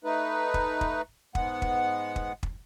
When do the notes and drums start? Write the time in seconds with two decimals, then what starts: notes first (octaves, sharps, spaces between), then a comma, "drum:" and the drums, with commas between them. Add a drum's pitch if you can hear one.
0.04 A3 D#4 B4
0.54 drum: kick
0.81 drum: kick
1.35 G#2 G#3 B3 F#5, drum: kick
1.62 drum: kick
2.16 drum: kick
2.43 drum: kick